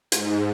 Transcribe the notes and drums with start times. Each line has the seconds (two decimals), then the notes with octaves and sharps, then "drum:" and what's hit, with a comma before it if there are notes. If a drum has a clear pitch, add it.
0.12 G#2, drum: hi-hat